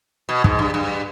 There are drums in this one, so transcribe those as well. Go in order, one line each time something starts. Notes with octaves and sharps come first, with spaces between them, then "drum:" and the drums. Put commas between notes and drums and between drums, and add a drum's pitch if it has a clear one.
B2
G#2, drum: kick
G2
G2